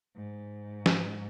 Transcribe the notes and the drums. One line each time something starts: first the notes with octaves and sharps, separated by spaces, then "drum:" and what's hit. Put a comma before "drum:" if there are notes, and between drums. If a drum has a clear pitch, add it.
G#2
drum: snare